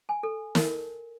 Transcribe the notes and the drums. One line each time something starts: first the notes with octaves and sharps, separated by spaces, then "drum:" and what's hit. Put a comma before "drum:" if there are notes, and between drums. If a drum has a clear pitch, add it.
G#5
A4
A#4, drum: snare